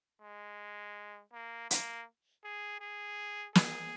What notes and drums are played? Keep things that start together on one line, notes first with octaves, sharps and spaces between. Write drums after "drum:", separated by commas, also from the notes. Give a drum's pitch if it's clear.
G#3
A#3
A#3, drum: hi-hat
G#4
G#4
G#4, drum: snare